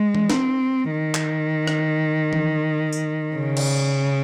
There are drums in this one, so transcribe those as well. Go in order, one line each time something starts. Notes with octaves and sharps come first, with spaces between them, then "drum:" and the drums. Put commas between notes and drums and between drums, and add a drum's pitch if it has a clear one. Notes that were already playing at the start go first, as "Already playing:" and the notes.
Already playing: G#3
drum: tom E3
C4, drum: snare
D#3
drum: clap
drum: rim click
drum: tom E3
drum: tambourine
C#3
drum: cymbal